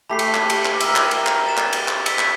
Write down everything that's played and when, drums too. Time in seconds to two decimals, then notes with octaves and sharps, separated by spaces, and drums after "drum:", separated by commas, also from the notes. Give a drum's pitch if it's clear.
0.09 A3 G4 B5 B6 C7
0.19 drum: cymbal
0.34 drum: clap
0.50 drum: cymbal
0.65 drum: clap
0.80 A#4 E5, drum: cymbal
0.96 drum: clap
1.11 drum: cymbal
1.27 drum: clap
1.46 A6 E7
1.57 drum: clap
1.73 drum: cymbal
1.88 drum: clap
2.06 E6 B6, drum: cymbal
2.19 drum: clap